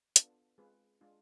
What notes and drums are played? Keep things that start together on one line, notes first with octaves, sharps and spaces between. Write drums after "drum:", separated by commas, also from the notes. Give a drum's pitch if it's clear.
B3 D4 F4 A4, drum: hi-hat
G#3 C4 F4 G#4 B4
G#3 D4 F4